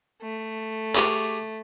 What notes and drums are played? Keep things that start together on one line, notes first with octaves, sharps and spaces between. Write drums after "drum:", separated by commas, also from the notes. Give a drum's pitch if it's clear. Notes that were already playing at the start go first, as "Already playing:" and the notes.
A3
G4 G#4 C#5, drum: clap